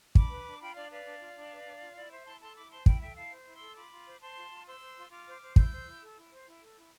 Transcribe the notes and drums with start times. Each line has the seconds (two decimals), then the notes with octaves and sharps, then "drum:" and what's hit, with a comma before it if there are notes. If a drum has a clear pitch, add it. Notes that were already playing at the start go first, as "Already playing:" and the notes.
0.15 D4 B5 D6, drum: kick
0.31 B4
0.46 D4
0.61 F4 G5 B5
0.75 D4 D5 F5
0.91 B4 D5 F5
1.06 D4
1.20 F4
1.36 D4
1.51 B4
1.66 D4
1.81 F4
1.96 E4 D5
2.11 C5 E5
2.26 E4 A5 C6
2.41 A4 A5 C6
2.56 E4 B5 D6
2.71 C5 A5 C6
2.86 E4 G5 B5, drum: kick
3.01 A4 E5 G5
3.16 E4 F5 A5
3.31 C5
3.46 E4
3.53 C6 E6
3.61 A4
3.76 F4 B5 D6
3.91 F4
4.06 C5
4.21 C5 A5 C6
4.37 F4
4.51 F4
4.66 C5 C6 E6
4.81 C5
4.96 F4
5.11 F4 D6 F6
5.27 C5
5.42 C5
5.56 E4 E6 G6, drum: kick
5.72 C5
5.87 E4
6.02 A4
6.16 E4
6.32 C5
6.47 E4
6.61 A4
6.77 E4